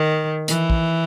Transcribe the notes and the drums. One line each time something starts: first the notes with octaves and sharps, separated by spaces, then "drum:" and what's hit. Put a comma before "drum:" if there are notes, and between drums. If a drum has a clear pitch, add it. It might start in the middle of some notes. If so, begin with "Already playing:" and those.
Already playing: D#3
E3, drum: hi-hat
drum: kick